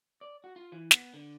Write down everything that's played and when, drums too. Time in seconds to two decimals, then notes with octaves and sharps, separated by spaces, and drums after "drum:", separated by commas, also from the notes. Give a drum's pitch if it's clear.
0.21 D5
0.44 F#4
0.56 F4
0.72 E3
0.91 B3, drum: snare
1.14 D3